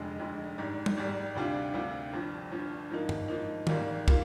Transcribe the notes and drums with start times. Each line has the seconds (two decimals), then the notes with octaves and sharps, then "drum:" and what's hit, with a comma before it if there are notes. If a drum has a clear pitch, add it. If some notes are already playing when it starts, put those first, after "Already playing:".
Already playing: F1 F2 D3 G#3
0.20 F1 F2 D3 G#3
0.58 G#1 G#2 G3
0.86 drum: tom
0.97 G#1 G#2 G3
1.35 D2 C3 G3 D4 F4
1.74 D2 C3 G3 D4 F4
2.13 G1 G2 F3
2.51 G1 G2 F3
2.90 G#2 F3 A#3 D#4
3.09 drum: tom
3.28 G#2 F3 A#3 D#4
3.67 G#1 G#2 G3 A#3 F4, drum: tom
4.08 G3 A#3 F4, drum: kick